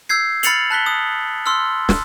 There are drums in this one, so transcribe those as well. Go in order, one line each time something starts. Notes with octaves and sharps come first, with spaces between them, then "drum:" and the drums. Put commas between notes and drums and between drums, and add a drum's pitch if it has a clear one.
E6 G6 G#6 C7
B5 F6 A6 C#7 F7 F#7, drum: hi-hat
A5 F#6 B6 G7
D#6
C6 E6 F6
drum: snare